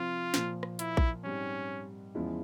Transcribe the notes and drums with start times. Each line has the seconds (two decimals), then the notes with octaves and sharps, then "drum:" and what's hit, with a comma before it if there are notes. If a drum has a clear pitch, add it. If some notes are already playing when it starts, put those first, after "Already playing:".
Already playing: C3 F3 C4 F4
0.34 A#2 F3 A#3, drum: snare
0.63 drum: rim click
0.79 E4, drum: hi-hat
0.97 drum: kick A#1
1.24 G#2 G3 C4 C#4
2.15 E2 C#3 F3 G#3 E4